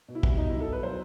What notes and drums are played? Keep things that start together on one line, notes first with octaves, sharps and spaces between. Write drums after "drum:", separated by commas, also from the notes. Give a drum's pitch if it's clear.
B2
E4
G3, drum: kick
B2 D#4
E4
F#3
A4
B2 B4
F#3 C5